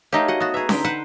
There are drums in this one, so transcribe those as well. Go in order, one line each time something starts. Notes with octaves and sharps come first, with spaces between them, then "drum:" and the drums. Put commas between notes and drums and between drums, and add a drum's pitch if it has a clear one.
A3 D#4 G4 A#4 C#5 F5
F#4 D#5 F#5
B3 F#4 D#6
G#4 B4 E5 A#5
D3 D#4 G5 C6 B6, drum: snare C#4
B4 C5 F#5